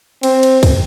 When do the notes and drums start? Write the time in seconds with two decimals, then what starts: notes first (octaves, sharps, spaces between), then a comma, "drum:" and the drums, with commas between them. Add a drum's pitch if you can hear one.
0.23 C4, drum: cymbal
0.43 drum: cymbal
0.63 drum: kick, cymbal